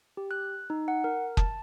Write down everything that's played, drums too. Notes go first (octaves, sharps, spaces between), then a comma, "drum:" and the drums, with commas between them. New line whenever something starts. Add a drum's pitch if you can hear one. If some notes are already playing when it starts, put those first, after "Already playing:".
G4
F#6
D#4
F#5
A#4
A5, drum: kick